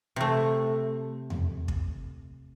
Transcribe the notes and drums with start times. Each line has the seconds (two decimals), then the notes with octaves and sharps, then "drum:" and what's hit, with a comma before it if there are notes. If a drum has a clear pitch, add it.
0.16 C3 A3
1.30 drum: tom E2
1.68 drum: kick